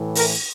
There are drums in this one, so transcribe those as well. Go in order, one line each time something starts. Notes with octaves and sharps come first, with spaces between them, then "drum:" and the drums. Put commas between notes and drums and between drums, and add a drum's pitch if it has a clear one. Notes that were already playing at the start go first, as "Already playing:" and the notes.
Already playing: A2 E3
A#4, drum: open hi-hat